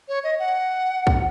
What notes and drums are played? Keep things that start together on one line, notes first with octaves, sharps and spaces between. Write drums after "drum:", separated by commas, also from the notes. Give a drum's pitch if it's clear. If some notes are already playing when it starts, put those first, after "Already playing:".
C#5
D#5
F#5
drum: kick